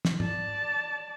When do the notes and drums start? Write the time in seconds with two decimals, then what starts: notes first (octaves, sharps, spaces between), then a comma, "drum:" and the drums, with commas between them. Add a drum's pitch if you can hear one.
0.05 drum: snare
0.20 D5 A5, drum: tom G#2